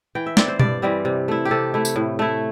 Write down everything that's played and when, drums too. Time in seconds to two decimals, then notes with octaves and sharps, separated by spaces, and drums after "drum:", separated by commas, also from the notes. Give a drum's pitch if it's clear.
0.15 E3 G5
0.26 E5
0.37 C4 E4 D5, drum: snare
0.48 C5
0.60 G2 D5, drum: tom B2
0.82 E3 G3 C4
1.05 C3
1.28 A3 E4
1.45 G4
1.51 C3 A4
1.74 A3 E4
1.85 drum: tambourine
1.96 A2
2.19 A3 E4